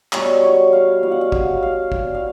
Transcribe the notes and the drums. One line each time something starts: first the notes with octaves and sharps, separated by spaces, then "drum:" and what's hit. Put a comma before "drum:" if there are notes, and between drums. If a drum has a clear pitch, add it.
B2 G3 C#5, drum: clap
C#5
F5
B2 G3 F5
F#5
F5
F5, drum: kick
F5
B2 G3 F5, drum: kick
F5